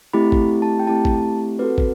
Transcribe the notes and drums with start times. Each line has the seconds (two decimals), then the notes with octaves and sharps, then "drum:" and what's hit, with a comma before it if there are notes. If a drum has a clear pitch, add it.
0.13 A3 C4 E4 G4 B5
0.32 drum: kick
0.62 A5
0.79 G5
0.87 A3 C4 E4 G4 A5
1.05 drum: kick
1.59 C4 F#4 A4 B4
1.78 drum: kick